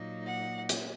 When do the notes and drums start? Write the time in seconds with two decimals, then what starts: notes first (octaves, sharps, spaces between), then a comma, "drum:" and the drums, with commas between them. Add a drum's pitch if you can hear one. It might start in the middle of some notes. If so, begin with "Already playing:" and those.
Already playing: A#2 F#3 A#3 D#4
0.27 F#5
0.69 drum: hi-hat